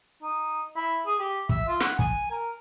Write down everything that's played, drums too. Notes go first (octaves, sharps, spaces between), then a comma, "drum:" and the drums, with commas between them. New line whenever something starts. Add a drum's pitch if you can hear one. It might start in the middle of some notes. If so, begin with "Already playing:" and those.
D#4
E4
G#4
G4
E5, drum: kick
F4
F#5, drum: snare
G#5, drum: kick
A#4